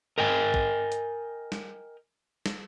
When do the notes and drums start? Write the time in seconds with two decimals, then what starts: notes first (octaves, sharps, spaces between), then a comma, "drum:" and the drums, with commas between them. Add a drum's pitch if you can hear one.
0.18 A#4 D#5 G5 G#5
0.54 drum: kick
0.92 drum: hi-hat
1.52 drum: snare
2.46 drum: snare